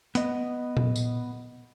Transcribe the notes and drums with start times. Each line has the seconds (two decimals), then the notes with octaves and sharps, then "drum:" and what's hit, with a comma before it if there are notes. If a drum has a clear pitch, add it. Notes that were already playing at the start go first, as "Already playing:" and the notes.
0.15 B3 D#5, drum: hi-hat
0.77 drum: tom A#2
0.96 drum: tambourine